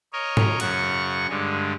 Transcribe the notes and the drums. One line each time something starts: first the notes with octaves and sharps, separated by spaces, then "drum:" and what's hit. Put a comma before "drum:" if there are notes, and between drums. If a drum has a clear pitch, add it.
A#4 C#5 D#5
drum: tom
F#2 C#3 F#5 C#6, drum: cymbal
G2 D3 G#3